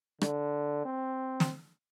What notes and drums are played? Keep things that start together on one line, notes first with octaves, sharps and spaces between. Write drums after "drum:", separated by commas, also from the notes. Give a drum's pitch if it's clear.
D3, drum: rim click
C4
drum: snare